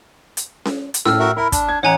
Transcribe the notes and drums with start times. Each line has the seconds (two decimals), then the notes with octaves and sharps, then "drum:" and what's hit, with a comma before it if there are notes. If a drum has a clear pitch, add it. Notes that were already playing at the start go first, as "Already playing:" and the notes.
0.37 drum: hi-hat
0.65 drum: snare C#4
0.94 drum: hi-hat
1.05 A2 E6 F6, drum: snare C#4
1.19 F#4 A#4 E5
1.37 E4 A#4 B5
1.52 D4, drum: kick, hi-hat
1.69 G#6
1.83 A1 C#5 F#5 G#5 A#5